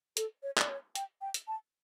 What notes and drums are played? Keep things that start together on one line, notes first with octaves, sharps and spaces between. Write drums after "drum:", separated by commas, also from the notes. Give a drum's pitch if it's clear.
A4, drum: hi-hat
C#5
D5, drum: clap
C#5
G5, drum: hi-hat
G5
drum: hi-hat
A5